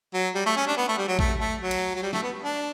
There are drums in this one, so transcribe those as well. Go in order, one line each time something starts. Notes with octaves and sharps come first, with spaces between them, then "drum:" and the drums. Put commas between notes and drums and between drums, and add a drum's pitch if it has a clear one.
F#3
G3
A3
C#4
D4
B3
A3
G3
F#3
A3, drum: kick
A3
F#3
drum: cymbal
F#3
G3
A3, drum: snare
B3
D4